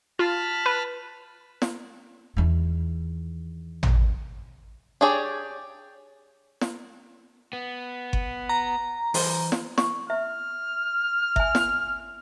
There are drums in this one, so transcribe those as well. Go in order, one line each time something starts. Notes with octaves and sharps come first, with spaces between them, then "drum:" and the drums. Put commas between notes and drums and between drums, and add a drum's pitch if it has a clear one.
F4 A5 B5 F6
B4
drum: snare
E2 D#3
drum: tom
D4 G4 G#4 C#5 D5
drum: snare
B3
drum: kick G1
A#5
E3 C5, drum: open hi-hat
drum: snare
C#6, drum: snare
E5 F6
E5 G#5, drum: kick G1
drum: snare